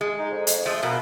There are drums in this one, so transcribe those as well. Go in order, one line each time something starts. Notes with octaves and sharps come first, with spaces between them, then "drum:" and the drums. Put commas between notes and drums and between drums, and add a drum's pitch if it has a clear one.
G#3
D#4
F2
drum: hi-hat
F3 G#3 A3
B2 A#3